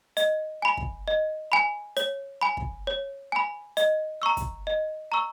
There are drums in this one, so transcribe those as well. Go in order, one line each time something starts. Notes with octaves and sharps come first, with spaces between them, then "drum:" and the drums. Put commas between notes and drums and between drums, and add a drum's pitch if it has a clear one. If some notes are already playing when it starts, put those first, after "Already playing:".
D#5, drum: hi-hat
G#5 B5
drum: kick
D#5
G#5 B5
C#5, drum: hi-hat
G#5 B5
drum: kick
C#5
G#5 B5
D#5, drum: hi-hat
A#5 C#6 E6
drum: kick, hi-hat
D#5
A#5 C#6 E6